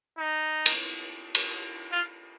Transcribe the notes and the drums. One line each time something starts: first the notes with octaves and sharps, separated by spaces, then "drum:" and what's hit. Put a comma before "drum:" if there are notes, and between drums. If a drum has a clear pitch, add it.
D#4
drum: cymbal
drum: cymbal
F4